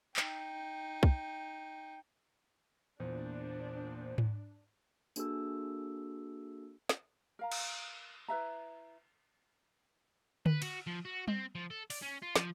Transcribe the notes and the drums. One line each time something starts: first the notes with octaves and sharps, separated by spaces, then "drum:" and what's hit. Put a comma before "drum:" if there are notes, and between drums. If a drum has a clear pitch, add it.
D#4 G5, drum: clap
drum: kick
E2 A#2 D4 C5
drum: tom G#2
A#3 D4 F#4 G#4 A4 E6, drum: tambourine
drum: snare
A#4 F5 A#5
drum: cymbal
E4 B4 E5 A#5
B4, drum: tom D3
F#4, drum: cymbal
F3
F#4
C4, drum: tom G3
F3
A4
D5, drum: open hi-hat
C#4
F4
F3, drum: snare